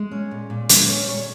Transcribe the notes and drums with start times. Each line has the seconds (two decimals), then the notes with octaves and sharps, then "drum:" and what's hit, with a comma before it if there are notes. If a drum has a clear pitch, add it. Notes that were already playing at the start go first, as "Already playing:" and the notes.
Already playing: G#3
0.12 C#4
0.31 A#2
0.50 A#2
0.69 G#3 A#4, drum: hi-hat
0.88 C#4 C#5
1.08 A#2 C#5